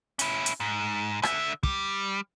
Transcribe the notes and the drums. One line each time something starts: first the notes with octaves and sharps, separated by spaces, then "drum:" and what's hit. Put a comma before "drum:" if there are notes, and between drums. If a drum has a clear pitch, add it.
C#4 E4, drum: hi-hat
drum: hi-hat
G#2
D3 E5, drum: rim click
G3, drum: kick